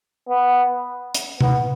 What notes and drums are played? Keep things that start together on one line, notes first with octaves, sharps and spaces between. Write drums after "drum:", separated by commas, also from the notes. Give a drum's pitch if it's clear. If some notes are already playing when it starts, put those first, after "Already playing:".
B3
drum: hi-hat
B3, drum: tom C3